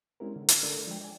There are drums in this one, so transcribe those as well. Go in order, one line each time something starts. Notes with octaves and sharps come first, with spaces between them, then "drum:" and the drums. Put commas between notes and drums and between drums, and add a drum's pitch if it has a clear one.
G#3 C4 C#4 E4 G4 A#4
D3
drum: hi-hat
A3 D4 A4 A#4 D5
F3 G#3 G5
D5 G#5